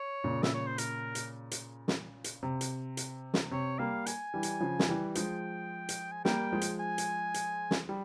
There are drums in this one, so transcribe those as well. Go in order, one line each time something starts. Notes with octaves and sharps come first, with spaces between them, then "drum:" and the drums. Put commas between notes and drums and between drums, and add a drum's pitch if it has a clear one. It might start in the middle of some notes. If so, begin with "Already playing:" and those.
Already playing: C#5
A#2 C#3
E5, drum: snare
C#5
C5
A#4, drum: hi-hat
drum: hi-hat
drum: hi-hat
drum: snare
drum: hi-hat
C3
drum: hi-hat
drum: hi-hat
drum: snare
C3 C#5
G3 A#3 F5
G#5, drum: hi-hat
E3 G3
drum: hi-hat
C#3 F3
drum: snare
E3 G3
F3 G#3 G5, drum: hi-hat
drum: hi-hat
G#5
G3 A#3 G5, drum: snare
F3 G#3
drum: hi-hat
G#5
drum: hi-hat
drum: hi-hat
drum: snare
G3